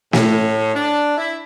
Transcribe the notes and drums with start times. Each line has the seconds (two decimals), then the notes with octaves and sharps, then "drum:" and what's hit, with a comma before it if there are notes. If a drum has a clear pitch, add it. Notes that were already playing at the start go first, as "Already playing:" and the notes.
0.13 A2, drum: snare
0.74 D4
1.18 E4